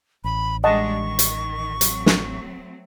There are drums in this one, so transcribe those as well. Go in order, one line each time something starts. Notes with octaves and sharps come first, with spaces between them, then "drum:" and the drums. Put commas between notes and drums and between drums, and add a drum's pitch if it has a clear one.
A1 B5
G3 G#3 D4 D#5 F#5 A5 C#6
D#3
drum: hi-hat
F#3 A3 C4, drum: hi-hat
drum: snare